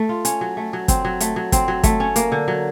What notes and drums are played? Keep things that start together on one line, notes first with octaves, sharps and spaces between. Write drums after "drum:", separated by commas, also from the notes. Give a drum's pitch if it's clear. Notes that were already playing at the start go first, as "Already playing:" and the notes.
Already playing: A3
F4
C#4, drum: hi-hat
F#3
A3
F#3
C4, drum: kick, hi-hat
F#3
A3, drum: hi-hat
F#3
C4, drum: kick, hi-hat
F#3
A3, drum: kick, hi-hat
C#4
A#3, drum: hi-hat
D3
F#3